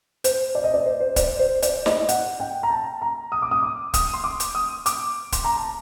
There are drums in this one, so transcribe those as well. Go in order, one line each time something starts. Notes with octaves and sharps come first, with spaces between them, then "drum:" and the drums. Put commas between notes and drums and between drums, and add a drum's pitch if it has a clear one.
C5, drum: hi-hat
D5
D#5
D5
C5
C5
D5, drum: kick D1, hi-hat
C5
D5, drum: hi-hat
D#5, drum: snare
F#5, drum: hi-hat
G5
A#5
A5
A#5
D#6
D6
D#6
D6
D#6, drum: kick D1, hi-hat
C6
D6
drum: hi-hat
D#6
D6, drum: hi-hat
C6, drum: kick D1, hi-hat
A#5
A5